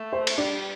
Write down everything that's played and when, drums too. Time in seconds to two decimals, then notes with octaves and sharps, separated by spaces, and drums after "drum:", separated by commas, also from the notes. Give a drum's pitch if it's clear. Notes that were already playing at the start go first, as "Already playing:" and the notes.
Already playing: A3
0.13 C5
0.27 drum: cymbal
0.38 G3 D4